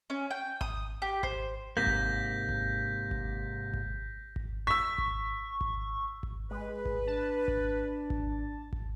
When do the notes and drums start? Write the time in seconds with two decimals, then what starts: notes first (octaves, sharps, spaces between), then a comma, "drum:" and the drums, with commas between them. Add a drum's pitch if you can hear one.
0.10 C#4
0.31 G5
0.61 D#6, drum: kick G#1
1.02 G4
1.23 C5, drum: kick G#1
1.77 G#2 C3 A#3 G6 A#6 B6
1.86 drum: kick G#1
2.49 drum: kick G#1
3.11 drum: kick G#1
3.74 drum: kick G#1
4.36 drum: kick G#1
4.67 C#6 E6 B6
4.98 drum: kick G#1
5.61 drum: kick G#1
6.23 drum: kick G#1
6.51 G#3 B4
6.85 drum: kick G#1
7.07 D4 A5
7.48 drum: kick G#1
8.10 drum: kick G#1
8.73 drum: kick G#1